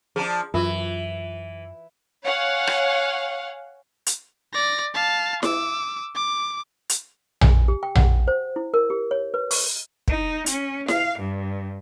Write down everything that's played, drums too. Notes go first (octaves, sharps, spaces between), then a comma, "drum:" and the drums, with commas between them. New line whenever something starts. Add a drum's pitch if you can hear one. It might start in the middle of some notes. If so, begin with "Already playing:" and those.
F3 D4 G#4 A#5
F#2 E3 F4 A#4 E5
C#5 F5 F#5 G#5
drum: rim click
drum: hi-hat
D5 A#6
F5 A5
D6 E6, drum: snare E4
D6
drum: hi-hat
G#5, drum: tom A#1
G4
G5
F#5, drum: tom A#1
C5
E4
A#4
G4
C#5
B4
C#6, drum: open hi-hat
D#4, drum: kick
C#4, drum: hi-hat
F5, drum: snare E4
G2